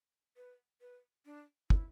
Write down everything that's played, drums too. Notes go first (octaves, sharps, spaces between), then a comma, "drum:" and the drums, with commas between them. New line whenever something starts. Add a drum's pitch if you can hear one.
B4
B4
D4
E4, drum: kick